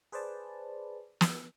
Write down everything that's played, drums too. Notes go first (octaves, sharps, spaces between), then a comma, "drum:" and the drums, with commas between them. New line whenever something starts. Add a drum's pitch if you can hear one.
G#4 B4 C5 D5 A5
drum: snare